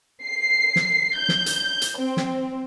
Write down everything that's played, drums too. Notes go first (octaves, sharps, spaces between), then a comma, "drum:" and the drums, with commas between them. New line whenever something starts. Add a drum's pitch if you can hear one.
C7
drum: snare
G6
drum: snare
drum: hi-hat
drum: hi-hat
C4
drum: snare